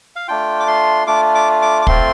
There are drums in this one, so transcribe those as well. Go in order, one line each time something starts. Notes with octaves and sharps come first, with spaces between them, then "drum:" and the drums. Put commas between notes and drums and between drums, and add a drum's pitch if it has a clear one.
F5
A3 D4 F4 G5
D6
C6
A3 D4 F4 D6
D6
D6
D6
A3 C4 F4 C6, drum: kick